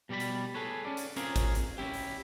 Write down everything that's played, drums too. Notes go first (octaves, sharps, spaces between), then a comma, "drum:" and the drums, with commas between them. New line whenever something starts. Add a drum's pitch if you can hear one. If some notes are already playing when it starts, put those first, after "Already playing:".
B2 G3 G4 D5 B5
drum: hi-hat
G#4 A4 B4 C#5
C#4 D5
drum: hi-hat
C4 C#4 F4 G#4 A#4 C#5, drum: hi-hat
drum: kick G#1, hi-hat
drum: hi-hat
C#4 E4 G4
drum: open hi-hat